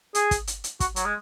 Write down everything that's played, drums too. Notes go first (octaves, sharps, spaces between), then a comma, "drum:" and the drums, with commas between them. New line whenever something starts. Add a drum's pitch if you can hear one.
G#4, drum: hi-hat
drum: kick, hi-hat
drum: hi-hat
drum: hi-hat
F#4, drum: kick, hi-hat
F#3, drum: hi-hat
G#3